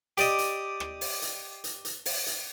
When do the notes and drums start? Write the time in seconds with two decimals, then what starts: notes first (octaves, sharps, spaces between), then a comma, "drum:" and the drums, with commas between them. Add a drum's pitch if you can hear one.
0.18 G4 D5 D#5, drum: hi-hat
0.38 drum: hi-hat
0.80 drum: rim click
1.01 drum: open hi-hat
1.22 drum: hi-hat
1.64 drum: hi-hat
1.85 drum: hi-hat
2.06 drum: open hi-hat
2.26 drum: hi-hat